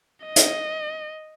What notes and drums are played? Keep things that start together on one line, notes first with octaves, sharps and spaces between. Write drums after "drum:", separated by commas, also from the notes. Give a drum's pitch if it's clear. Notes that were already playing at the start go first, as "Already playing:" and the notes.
D#5
drum: hi-hat